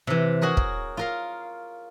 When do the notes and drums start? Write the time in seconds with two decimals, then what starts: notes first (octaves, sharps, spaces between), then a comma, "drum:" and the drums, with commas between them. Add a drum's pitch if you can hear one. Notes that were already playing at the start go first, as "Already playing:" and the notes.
0.07 C3 E3
0.41 F#4 G#4 A#4 C#5
0.57 drum: kick
0.97 F4 A#4 F5